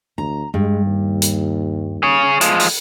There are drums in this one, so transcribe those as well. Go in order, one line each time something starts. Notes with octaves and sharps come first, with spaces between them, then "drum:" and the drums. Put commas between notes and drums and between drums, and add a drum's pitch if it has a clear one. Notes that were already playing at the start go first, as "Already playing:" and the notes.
D2 A#5
G2 G#3
D#2
drum: hi-hat
G#4 C#5
F3 G#3, drum: hi-hat
drum: open hi-hat